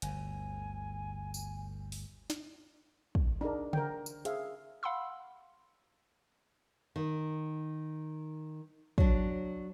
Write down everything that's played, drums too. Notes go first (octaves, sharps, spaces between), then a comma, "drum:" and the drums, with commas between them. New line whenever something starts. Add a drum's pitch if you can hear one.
G1 D2 G#5, drum: hi-hat
drum: tambourine
drum: open hi-hat
drum: snare
drum: kick
D4 D#4 G#4 A#4
A#4 C5 G5, drum: tom C#3
drum: tambourine
G#4 C5 E5 F5 G#5, drum: hi-hat
F5 F#5 B5 C6 E6
D#3
F#3 D4, drum: kick